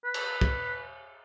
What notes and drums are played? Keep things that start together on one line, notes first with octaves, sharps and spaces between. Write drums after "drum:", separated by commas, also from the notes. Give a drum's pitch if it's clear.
B4
drum: cymbal
drum: kick